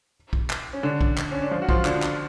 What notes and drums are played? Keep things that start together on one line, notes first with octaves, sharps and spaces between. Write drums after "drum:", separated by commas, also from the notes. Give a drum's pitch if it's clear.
drum: kick
drum: clap
C#4
D3 D4
drum: kick
drum: clap
C#4
D4
F3 F4
F#4
F3 F4, drum: kick
D3 D4, drum: clap
drum: clap